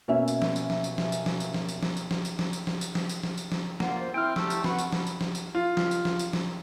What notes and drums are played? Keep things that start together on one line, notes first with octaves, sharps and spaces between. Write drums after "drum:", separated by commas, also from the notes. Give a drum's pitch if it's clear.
B2 A#3 C#4 E5
drum: tambourine
drum: snare
drum: tambourine
drum: snare
drum: tambourine
drum: snare
drum: tambourine
drum: snare
drum: tambourine
drum: snare
drum: tambourine
drum: snare
drum: tambourine
drum: snare
drum: tambourine
drum: snare
drum: tambourine
drum: snare
drum: tambourine
drum: snare
drum: tambourine
drum: snare
drum: tambourine
drum: snare
A#3 F4 F#5, drum: snare
C5
C4 E4 G5 F6
A3 G4 A5, drum: snare
drum: tambourine
C4 F#4 B4 F#5, drum: snare
drum: tambourine
drum: snare
drum: tambourine
drum: snare
drum: tambourine
F4
drum: snare
drum: tambourine
drum: snare
drum: tambourine
drum: snare